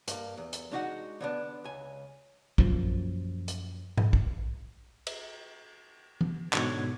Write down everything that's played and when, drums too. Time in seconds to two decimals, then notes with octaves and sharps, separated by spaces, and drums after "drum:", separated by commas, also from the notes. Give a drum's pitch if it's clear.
0.08 G2 A#3, drum: hi-hat
0.37 E2
0.53 drum: hi-hat
0.71 G#3 D4 D#4 F#4 E5 F#5
1.21 D3 B3 D4
1.64 C#2 G#5
2.58 F#2 A#2 F3, drum: kick
3.48 drum: hi-hat
3.97 drum: tom G#2
4.13 drum: kick
5.07 drum: cymbal
6.21 drum: tom
6.53 G#2 B2 D3 C#5 G#6, drum: clap